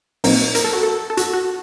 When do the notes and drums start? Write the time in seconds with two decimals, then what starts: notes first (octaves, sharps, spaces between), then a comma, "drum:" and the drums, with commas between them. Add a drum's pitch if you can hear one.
0.24 A#1 A#2 F#3 C4 D#4 A#4, drum: open hi-hat
0.55 A#4, drum: hi-hat
0.64 A4
0.73 F#4
0.83 A4
1.10 A4
1.17 F#4, drum: hi-hat
1.33 F#4